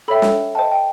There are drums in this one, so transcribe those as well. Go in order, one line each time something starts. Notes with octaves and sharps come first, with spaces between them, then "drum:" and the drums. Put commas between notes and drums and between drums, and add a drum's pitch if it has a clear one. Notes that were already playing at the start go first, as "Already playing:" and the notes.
A4 C#5 E5 G5 B5
drum: snare
C5 D#5 G5 A5
G5